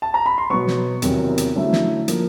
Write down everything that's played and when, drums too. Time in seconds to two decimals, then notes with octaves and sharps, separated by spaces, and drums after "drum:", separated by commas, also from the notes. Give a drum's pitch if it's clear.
0.02 A5
0.14 A#5
0.26 B5
0.38 C6
0.50 B2 F#3 B3 C#6
0.68 drum: snare
1.02 E2 C3 D#3 F#3, drum: hi-hat
1.38 drum: hi-hat
1.55 D3 F#3 A3 C#4 E4
1.73 drum: snare
2.08 F3 A#3, drum: hi-hat